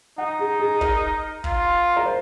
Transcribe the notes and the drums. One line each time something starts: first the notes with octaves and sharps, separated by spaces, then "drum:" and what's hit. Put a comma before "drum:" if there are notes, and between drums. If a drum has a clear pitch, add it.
D#4 F#5
G#4
G#4
A#4, drum: kick
F4, drum: kick
A#4
C5